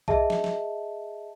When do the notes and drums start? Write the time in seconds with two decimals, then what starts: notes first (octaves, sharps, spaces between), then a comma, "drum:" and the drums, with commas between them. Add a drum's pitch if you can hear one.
0.08 G#4 D#5 E5 A5, drum: kick B1
0.30 drum: snare
0.44 drum: snare